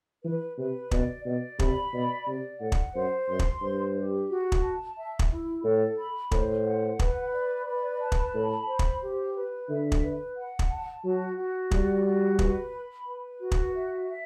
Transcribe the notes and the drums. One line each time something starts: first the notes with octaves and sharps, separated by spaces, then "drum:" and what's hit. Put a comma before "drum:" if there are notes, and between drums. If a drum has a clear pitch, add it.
E3 B4
C3 B4
B2 D5, drum: kick
B2 D5
C3 B5, drum: kick
B2 D5
C3 D5
A2 F#5
drum: kick
F#2 C5
F#2 C6
drum: kick
G2 C5
G4
F#4
drum: kick
A5
E5
drum: kick
E4
A2 A4
B5
A2 C5, drum: kick
F#5
B4, drum: kick
D5
B4
A5
drum: kick
A2 B5
C5
drum: kick
G4
B4
D3 E5
drum: kick
B4
F#5
drum: kick
A5
F#3 F#4
F#4
G3 D5, drum: kick
F#4
B4, drum: kick
B5
B4
F#4
drum: kick
E5
E5